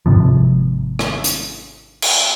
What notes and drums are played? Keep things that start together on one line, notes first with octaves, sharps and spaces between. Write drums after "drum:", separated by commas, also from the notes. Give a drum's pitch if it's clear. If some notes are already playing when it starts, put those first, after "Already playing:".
G#1 G#2 C3 F3
drum: rim click
drum: hi-hat
drum: cymbal